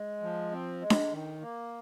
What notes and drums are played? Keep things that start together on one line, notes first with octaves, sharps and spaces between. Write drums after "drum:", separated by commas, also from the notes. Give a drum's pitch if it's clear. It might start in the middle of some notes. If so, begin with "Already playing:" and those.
Already playing: G#3
F3
C4
G#3
drum: snare D4
D#3
A#3